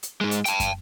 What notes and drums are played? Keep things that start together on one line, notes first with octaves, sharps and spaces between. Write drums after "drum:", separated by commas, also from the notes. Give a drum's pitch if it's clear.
drum: hi-hat
G#2 G#3
drum: hi-hat
G5 A5, drum: hi-hat
drum: kick, hi-hat